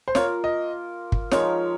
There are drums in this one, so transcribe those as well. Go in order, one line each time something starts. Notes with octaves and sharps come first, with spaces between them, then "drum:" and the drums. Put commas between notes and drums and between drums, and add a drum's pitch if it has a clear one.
C5
A#3 F4 A#4 C#5, drum: snare
D#5
drum: kick
F3 G#3 D#4 A#4 C#5, drum: snare